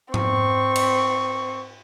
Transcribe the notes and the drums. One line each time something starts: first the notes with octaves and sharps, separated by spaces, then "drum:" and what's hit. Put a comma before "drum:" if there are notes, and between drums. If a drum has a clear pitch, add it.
C4 C#6, drum: tom G#2
drum: cymbal